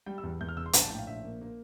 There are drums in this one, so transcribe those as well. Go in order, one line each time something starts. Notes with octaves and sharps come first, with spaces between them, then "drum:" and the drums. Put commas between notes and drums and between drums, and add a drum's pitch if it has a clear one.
G3 G5
E6
E2
E2 G6
F6
E1 E6
C6
A#1 A#5, drum: hi-hat
A5
A2 G5
F5
A#1 E5
A#3
A#3